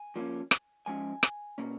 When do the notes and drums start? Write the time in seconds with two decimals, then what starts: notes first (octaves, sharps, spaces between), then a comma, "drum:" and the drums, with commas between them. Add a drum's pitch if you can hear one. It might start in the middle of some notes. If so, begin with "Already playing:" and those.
Already playing: G#5
0.16 F3 A#3 C#4
0.51 drum: rim click
0.86 F3 G#3 C#4 G#5
1.23 drum: rim click
1.58 B2 A#3 C#4